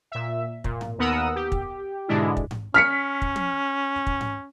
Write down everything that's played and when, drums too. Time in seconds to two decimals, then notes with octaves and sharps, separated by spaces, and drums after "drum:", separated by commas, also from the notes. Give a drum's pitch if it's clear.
0.12 A#2 E5
0.64 A#2, drum: kick
0.81 drum: tom G#2
0.98 D#2 B3 A#4 F#5 D#6 E6
1.36 G4
1.52 drum: kick
2.08 G#2 B2 D3 G#3 D4 E4
2.37 drum: kick
2.51 drum: tom G#2
2.74 C#4 F6 B6 C#7
3.22 drum: kick
3.36 drum: tom
4.07 drum: kick
4.21 drum: tom G#2